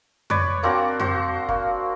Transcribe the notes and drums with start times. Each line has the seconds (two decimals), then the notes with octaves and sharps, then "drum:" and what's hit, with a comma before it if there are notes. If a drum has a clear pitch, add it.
0.30 B4 C#5 D5, drum: tom F2
0.63 A#3 C4 D4 F#4
1.00 F#4 C5, drum: tom F2
1.49 A#3, drum: kick